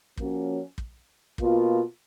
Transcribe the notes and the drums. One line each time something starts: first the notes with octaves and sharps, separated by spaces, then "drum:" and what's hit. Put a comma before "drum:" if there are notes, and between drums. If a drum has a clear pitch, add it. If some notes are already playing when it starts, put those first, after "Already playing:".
F3 A#3 C#4 F#4, drum: kick
drum: kick
B2 A#3 F4, drum: kick